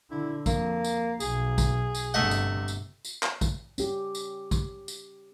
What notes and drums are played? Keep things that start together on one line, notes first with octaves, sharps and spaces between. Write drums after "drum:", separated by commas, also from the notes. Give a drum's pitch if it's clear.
D3 E4
F2 A#3, drum: kick, tambourine
drum: tambourine
B1 G#4, drum: tambourine
drum: kick, tambourine
drum: tambourine
G1 C3 A3 D#5 F#5
drum: tambourine
drum: tambourine
drum: tambourine
drum: clap
drum: kick, tambourine
C#4 G4, drum: tambourine
drum: tambourine
drum: kick, tambourine
drum: tambourine